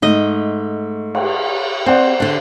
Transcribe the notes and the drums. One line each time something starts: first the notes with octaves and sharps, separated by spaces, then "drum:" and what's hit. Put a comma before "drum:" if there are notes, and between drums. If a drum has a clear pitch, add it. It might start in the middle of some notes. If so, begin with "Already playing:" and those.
G#2 A3 D#5
drum: cymbal
C4 C5 D5 F#5
D3 D4